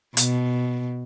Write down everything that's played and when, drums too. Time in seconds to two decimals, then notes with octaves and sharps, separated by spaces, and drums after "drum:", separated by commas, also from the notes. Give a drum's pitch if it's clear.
0.17 B2, drum: hi-hat